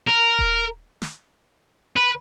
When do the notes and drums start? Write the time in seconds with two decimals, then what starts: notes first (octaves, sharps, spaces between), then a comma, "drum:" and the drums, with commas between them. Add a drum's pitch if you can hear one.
0.07 A#4
0.39 drum: kick D#1
1.02 drum: snare
1.96 B4